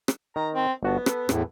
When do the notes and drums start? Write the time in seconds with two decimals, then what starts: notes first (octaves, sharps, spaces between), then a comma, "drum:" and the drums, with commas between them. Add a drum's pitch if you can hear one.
0.08 drum: rim click
0.36 D#3 A#5
0.54 C4
0.83 G1 B3 F#4 A5
1.06 A4 B4, drum: rim click
1.29 E2 A2, drum: rim click